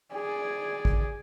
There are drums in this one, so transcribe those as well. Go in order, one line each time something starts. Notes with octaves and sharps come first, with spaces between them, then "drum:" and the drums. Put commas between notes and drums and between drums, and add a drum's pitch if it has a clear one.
G#4 D5
drum: kick